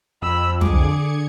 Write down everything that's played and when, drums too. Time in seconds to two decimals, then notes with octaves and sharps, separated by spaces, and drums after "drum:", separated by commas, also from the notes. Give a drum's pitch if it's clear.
0.22 F2 B5 E6
0.61 D3 G#4 D6 G#6 C#7, drum: tom